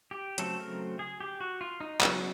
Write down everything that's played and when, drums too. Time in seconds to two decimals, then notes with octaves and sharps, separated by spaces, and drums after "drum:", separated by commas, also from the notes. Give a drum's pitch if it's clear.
0.11 G4
0.38 C#3 F#3 A3 C4 A4, drum: hi-hat
0.59 A#4
0.99 G#4
1.20 G4
1.41 F#4
1.61 F4
1.80 D#4
2.01 C#3 F#3 B3 D#4, drum: clap